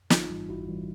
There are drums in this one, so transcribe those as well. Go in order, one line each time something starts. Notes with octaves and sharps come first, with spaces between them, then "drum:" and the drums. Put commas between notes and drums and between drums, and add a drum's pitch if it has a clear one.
A1 D#4 F4, drum: snare
G#2 E3 G3
A1 E4 F#4
E3 G3